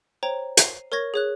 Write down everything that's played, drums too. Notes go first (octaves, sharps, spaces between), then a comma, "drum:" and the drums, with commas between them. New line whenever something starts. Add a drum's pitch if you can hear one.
C5 C#5 G5 A#5
C7 D#7 F7, drum: hi-hat
A#4 C#5 C#6 G#6 A#6
G#4 C#5 F#6